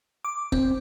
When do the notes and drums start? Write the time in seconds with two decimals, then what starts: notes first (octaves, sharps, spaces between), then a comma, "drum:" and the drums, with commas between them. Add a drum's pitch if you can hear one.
0.25 D6
0.52 C4, drum: kick